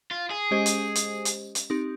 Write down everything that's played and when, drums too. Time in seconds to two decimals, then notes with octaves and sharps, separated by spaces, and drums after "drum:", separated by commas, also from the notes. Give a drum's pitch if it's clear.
0.11 F4
0.31 G#4
0.51 G#3 C#4 G4 C5 D#5
0.66 drum: hi-hat
0.95 drum: hi-hat
1.25 drum: hi-hat
1.55 drum: hi-hat
1.70 C4 D#4 G4